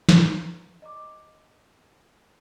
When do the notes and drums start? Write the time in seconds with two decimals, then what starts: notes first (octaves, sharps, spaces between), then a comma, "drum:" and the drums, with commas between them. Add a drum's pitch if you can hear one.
0.09 drum: snare
0.20 B4 A#5
0.82 D#5 A#5 D6